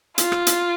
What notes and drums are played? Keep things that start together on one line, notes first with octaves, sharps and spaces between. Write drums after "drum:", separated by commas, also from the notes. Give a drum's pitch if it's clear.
F4, drum: hi-hat
drum: rim click
drum: hi-hat